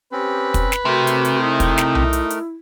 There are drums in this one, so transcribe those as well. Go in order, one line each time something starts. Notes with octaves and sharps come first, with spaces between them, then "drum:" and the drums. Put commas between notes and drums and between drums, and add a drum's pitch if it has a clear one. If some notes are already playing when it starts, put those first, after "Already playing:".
C4 C#4 G4 B4
drum: kick, hi-hat
drum: snare
C3 A3 F#4 A#4
drum: hi-hat
drum: hi-hat
D#4 E4
drum: kick, hi-hat
drum: snare
drum: tom B1
drum: hi-hat
drum: hi-hat